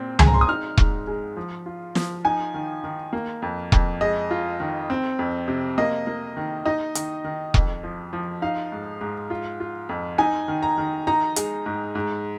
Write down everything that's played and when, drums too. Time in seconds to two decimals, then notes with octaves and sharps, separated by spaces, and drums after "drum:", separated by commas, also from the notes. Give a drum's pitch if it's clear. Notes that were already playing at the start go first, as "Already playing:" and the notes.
Already playing: A#2 C4
0.19 G#3 G#5, drum: tom C#2
0.27 A#5
0.34 C6
0.41 D#6
0.48 D#4 F6
0.77 G#2, drum: kick E1
1.07 G#3
1.37 F3
1.66 F4
1.95 F3, drum: snare
2.25 D#4 G#5
2.54 D#3
2.84 D#3
3.13 A#3
3.42 F2
3.72 F2, drum: kick E1
4.01 G#3 D#5
4.31 F4
4.60 D#3
4.90 C4
5.19 F2
5.48 C3
5.78 A#3 D#5
6.07 A#3
6.37 D#3
6.66 D#4 D#5
6.95 D#3, drum: hi-hat
7.24 D#3
7.54 F2, drum: kick E1
7.83 F3
8.13 F3
8.42 D#4 F5
8.72 G#2
9.01 G#2
9.30 F4
9.60 F4
9.89 F2
10.18 D#4 G#5
10.48 D#3
10.63 A#5
10.78 D#3
11.07 D#4 A#5
11.36 G#3, drum: hi-hat
11.66 G#2
11.95 G#2